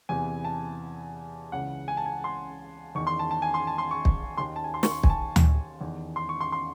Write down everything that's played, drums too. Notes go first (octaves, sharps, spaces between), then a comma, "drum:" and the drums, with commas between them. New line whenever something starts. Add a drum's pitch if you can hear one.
E2 C3 E3 G#5
A5
C#2 C#3 E3 F#5
G#5
A5
G#5
C6
E2 D#3 C#6
C6
A5
A5
G#5
C6
A5
C6
C#6
drum: kick
D#2 D#3 C6
A5
G#5
C6
C#6, drum: snare
C6
G#5, drum: kick
A5
drum: tom D2
E2 D#3
C6
C#6
C6
C6